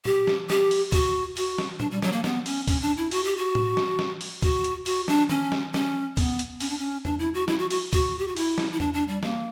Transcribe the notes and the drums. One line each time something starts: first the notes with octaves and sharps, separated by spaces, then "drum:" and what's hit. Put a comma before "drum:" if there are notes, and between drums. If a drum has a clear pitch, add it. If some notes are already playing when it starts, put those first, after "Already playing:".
G4, drum: tom A#2
drum: snare
G4, drum: snare
drum: open hi-hat
F#4, drum: kick, open hi-hat
F#4, drum: open hi-hat
drum: snare
D4, drum: tom A#2
G3
F#3, drum: snare
A#3
B3, drum: snare
C#4, drum: open hi-hat
C#4, drum: kick, open hi-hat
D4
E4
F#4, drum: open hi-hat
G4
F#4
drum: tom A2
drum: snare
drum: snare
drum: open hi-hat
F#4, drum: kick, open hi-hat
drum: hi-hat
F#4, drum: open hi-hat
D4, drum: snare
C#4, drum: tom
drum: snare
C#4, drum: snare
B3, drum: kick, open hi-hat
drum: hi-hat
C#4, drum: open hi-hat
D4
C#4
D4, drum: tom E2
E4
F#4
E4, drum: snare
F#4
F#4, drum: open hi-hat
F#4, drum: kick, open hi-hat
G4
F#4
E4, drum: open hi-hat
drum: snare
E4
D4, drum: tom E2
D4
G3
A#3, drum: snare